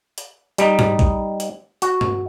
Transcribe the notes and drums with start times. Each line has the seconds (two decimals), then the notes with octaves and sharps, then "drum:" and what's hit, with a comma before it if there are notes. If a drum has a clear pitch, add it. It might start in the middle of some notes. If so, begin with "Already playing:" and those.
0.18 drum: hi-hat
0.58 G3 D#4, drum: hi-hat
0.79 drum: tom G#2
0.99 drum: kick A1
1.40 drum: hi-hat
1.82 F#4, drum: hi-hat
2.01 drum: tom G2